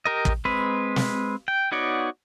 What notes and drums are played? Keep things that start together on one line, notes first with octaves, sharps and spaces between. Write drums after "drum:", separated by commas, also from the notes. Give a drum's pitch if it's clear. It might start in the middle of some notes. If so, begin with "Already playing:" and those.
G4 A#4 D#5
drum: kick
G#3 C4 B4
drum: snare
G5
B3 D#4 F#4 C#5 D5